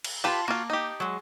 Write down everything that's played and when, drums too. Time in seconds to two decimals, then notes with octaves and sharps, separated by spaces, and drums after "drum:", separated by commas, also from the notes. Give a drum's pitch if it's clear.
0.04 drum: cymbal
0.24 F4 G4 B4 F5 A5
0.48 A#3 F4 F#4
0.70 D#4 G4
1.00 F#3 G#3